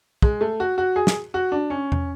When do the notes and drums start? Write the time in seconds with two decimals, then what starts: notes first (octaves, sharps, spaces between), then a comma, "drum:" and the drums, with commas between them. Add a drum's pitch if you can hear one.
0.22 G#3, drum: kick
0.41 A3
0.60 F#4
0.78 F#4
0.96 G#4
1.07 drum: snare
1.34 F#4
1.52 D4
1.70 C#4
1.92 drum: tom E2